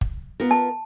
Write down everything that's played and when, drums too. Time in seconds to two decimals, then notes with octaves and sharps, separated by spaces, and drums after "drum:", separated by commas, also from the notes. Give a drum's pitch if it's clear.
0.01 drum: kick
0.40 B3 F4 A#4
0.51 A5